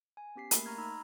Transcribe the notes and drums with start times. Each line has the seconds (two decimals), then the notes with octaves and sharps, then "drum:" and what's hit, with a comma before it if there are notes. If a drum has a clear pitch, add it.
0.17 G#5
0.36 B3 C#4 G4 B6 C7
0.51 A3 A#3 A#4 B5, drum: hi-hat
0.66 A#5 C#6 F6 G#6
0.78 D#4 A#5 B5 E6